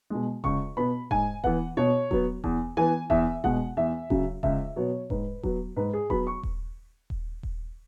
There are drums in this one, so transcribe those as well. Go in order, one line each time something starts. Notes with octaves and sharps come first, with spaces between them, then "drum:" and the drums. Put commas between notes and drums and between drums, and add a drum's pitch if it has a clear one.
B2 G#3
C#2 C#6, drum: kick D#1
B2 B3 B5
G#2 G#5, drum: kick D#1
E3 B3 F#5, drum: kick D#1
B2 C#5
F#3 B3, drum: kick D#1
E2, drum: kick D#1
E3 B3 G#5
E2 E5, drum: kick D#1
B2 G#3 F#5, drum: kick D#1
E2 E5
C#3 F#3, drum: kick D#1
C#2 E5, drum: kick D#1
B2 F#3 B3 C#5
G#2 B4, drum: kick D#1
F#3 B3, drum: kick D#1
G#2 B4
G#4
F#3 B3 B5, drum: kick D#1
C#6
drum: kick D#1
drum: kick D#1
drum: kick D#1